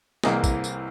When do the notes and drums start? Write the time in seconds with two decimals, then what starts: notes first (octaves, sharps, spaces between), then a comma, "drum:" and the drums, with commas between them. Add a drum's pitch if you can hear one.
0.24 C2 E3 A#3 C4 G#4 D#5, drum: snare
0.44 drum: kick, tambourine
0.64 drum: tambourine